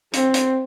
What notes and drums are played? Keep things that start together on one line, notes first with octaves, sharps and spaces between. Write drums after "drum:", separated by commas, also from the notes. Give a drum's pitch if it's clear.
C4, drum: hi-hat
drum: hi-hat